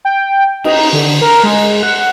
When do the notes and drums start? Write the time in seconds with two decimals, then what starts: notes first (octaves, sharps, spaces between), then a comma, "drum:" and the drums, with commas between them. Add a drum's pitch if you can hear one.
0.05 G5
0.64 D#4, drum: cymbal
0.93 D3
1.21 A#4
1.43 G#3
1.83 F#5